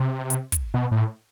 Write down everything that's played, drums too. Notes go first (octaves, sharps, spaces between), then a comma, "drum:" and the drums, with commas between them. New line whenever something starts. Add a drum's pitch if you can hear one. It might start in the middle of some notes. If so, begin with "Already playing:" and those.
Already playing: C3
drum: hi-hat
drum: kick, hi-hat
B2
A2